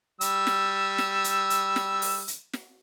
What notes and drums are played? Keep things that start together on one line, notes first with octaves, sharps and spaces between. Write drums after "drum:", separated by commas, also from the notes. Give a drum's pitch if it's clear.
G3 E6, drum: hi-hat
drum: snare
drum: snare
drum: hi-hat
drum: hi-hat
drum: snare
drum: open hi-hat
drum: hi-hat
drum: snare